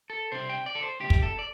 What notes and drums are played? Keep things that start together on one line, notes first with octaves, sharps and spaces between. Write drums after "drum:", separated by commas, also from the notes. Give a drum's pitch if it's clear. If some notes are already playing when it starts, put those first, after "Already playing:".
A4
C3 G3 D4 C5
G5
D5
A4
C5
D2 C3 G3 G4
drum: kick
A4
D5